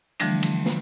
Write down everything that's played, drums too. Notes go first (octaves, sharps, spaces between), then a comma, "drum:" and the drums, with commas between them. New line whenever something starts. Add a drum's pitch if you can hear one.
D3 E3 F3 G3 A3 D4, drum: cymbal
drum: cymbal
drum: snare